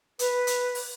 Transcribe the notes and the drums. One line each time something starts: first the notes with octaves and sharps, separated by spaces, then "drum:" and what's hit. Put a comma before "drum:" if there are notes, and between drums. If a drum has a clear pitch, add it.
B4, drum: hi-hat
drum: hi-hat
drum: open hi-hat